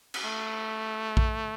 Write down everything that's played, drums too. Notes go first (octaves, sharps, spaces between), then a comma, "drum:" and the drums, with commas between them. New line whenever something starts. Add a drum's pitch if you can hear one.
drum: cymbal
A3
drum: kick A#1